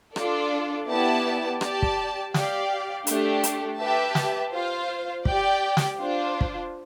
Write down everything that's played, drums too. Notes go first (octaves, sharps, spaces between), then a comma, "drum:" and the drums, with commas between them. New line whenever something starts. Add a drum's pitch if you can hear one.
D4 F4 A4 D5, drum: rim click
B3 E4 G4 D5 A5
G4 D5 A5, drum: rim click
drum: kick
G4 D5 F5, drum: snare
A3 D4 G4, drum: hi-hat
drum: hi-hat
G4 B4 E5 A5
drum: snare
F4 C5 F5
G4 D5 G5, drum: kick
drum: snare
D4 F4 C5
drum: kick